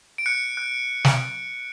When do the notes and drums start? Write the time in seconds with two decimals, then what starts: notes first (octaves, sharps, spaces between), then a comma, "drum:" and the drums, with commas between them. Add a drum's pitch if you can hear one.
0.18 D7
0.26 F#6 C#7
0.57 F#6
1.05 drum: snare